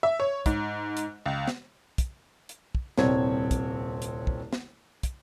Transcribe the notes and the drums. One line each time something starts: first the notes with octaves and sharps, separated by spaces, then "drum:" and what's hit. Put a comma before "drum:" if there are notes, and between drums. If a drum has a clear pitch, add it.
E5
C#5
G#2, drum: kick, hi-hat
drum: hi-hat
C#2
drum: snare
drum: kick, hi-hat
drum: hi-hat
drum: kick
D#1 C2 C4 C#5 G#6, drum: snare
drum: kick, hi-hat
drum: hi-hat
drum: kick
drum: snare
drum: kick, hi-hat